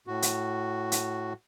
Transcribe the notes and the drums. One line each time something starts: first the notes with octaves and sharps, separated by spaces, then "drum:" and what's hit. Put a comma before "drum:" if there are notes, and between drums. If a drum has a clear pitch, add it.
A2 F#4
drum: hi-hat
drum: hi-hat